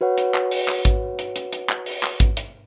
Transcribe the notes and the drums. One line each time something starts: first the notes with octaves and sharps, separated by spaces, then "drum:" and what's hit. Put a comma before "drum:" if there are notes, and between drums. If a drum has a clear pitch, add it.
F#4 B4 C#5 F#5
drum: hi-hat
drum: clap
drum: open hi-hat
drum: clap
drum: kick A1, hi-hat
drum: hi-hat
drum: hi-hat
drum: hi-hat
drum: clap
drum: open hi-hat
drum: clap
drum: kick A1, hi-hat
drum: hi-hat